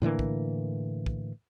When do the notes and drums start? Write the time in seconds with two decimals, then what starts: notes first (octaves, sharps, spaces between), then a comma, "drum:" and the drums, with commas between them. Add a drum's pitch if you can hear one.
0.02 A2 D3 E3 A#3
0.19 drum: kick
1.06 drum: kick